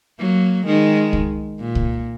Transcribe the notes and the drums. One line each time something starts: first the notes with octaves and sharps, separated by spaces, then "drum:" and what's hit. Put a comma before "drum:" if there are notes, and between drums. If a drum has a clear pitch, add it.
F#3 A#3
D#3 G#3
drum: kick C2
A#2
drum: kick C2